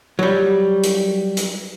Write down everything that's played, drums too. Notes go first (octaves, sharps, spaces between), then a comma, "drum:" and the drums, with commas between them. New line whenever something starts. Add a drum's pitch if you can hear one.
F#3 G3
drum: hi-hat
drum: hi-hat